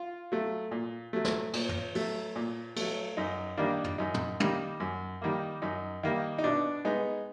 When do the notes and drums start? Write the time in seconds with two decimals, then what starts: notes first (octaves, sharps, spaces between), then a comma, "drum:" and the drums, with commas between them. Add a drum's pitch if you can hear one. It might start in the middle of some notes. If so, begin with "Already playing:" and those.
Already playing: F4
0.32 F#3 A3
0.71 A#2
1.13 F#3 A3
1.25 drum: snare
1.53 A#2, drum: cymbal
1.69 drum: tom
1.95 F#3 A3, drum: open hi-hat
2.36 A#2
2.76 F#3 A3, drum: cymbal
3.17 F#2 D#4
3.57 D#3 G3 A#3 D4
3.84 drum: tom
3.98 F#2 D#4
4.14 drum: tom
4.40 D#3 G3 A#3, drum: tom
4.80 F#2
5.22 D#3 G3 A#3
5.62 F#2 D#4
6.03 D#3 G3 A#3
6.38 D#4
6.44 B2 D4
6.85 G#3 B3 D#4